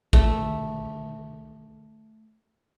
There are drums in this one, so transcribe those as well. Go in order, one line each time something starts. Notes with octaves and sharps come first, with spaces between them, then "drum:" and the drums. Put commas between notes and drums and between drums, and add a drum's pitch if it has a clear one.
A3 E5, drum: kick A1